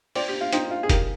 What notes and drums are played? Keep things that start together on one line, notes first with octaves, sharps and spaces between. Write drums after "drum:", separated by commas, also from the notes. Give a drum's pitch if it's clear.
F4 C5 D5 G5, drum: open hi-hat
G4
F4
D#4 F4 C5 G5, drum: hi-hat
F4
G#4
D#4 G4 A#4 F5, drum: kick, hi-hat